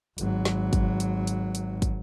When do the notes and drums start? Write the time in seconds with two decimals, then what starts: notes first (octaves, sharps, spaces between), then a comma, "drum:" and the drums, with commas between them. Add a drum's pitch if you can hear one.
0.18 G#1 F#3, drum: hi-hat
0.45 drum: snare
0.73 drum: kick, hi-hat
1.00 drum: hi-hat
1.27 drum: hi-hat
1.55 drum: hi-hat
1.82 drum: kick, hi-hat